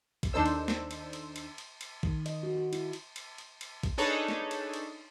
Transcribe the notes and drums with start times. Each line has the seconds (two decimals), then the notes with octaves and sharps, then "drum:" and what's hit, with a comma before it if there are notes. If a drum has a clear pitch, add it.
0.23 drum: kick, cymbal
0.33 D#2 D4 D#4 A4 C5 E6
0.46 drum: cymbal
0.68 drum: snare
0.91 drum: cymbal
1.13 drum: cymbal
1.36 drum: cymbal
1.58 drum: cymbal
1.81 drum: cymbal
2.03 D#3, drum: kick
2.26 D#5, drum: cymbal
2.43 F#4
2.55 F#4
2.73 E4, drum: cymbal
2.93 drum: cymbal
3.16 drum: cymbal
3.38 drum: cymbal
3.61 drum: cymbal
3.83 drum: kick, cymbal
3.98 D4 D#4 G#4 A4 B4 C#5
4.28 drum: snare
4.51 drum: cymbal
4.74 drum: cymbal